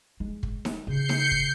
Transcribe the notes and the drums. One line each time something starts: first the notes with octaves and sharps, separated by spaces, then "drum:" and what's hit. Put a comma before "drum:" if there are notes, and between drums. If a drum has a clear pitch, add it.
G#3
drum: kick
drum: snare D#4
C#3 G6 C7 C#7
drum: snare D#4
drum: kick